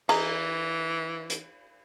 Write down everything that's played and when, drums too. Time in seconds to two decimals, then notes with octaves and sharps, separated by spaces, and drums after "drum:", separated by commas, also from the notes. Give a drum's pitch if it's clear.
0.09 E3 G#4 D#5 A#5, drum: cymbal
1.30 drum: hi-hat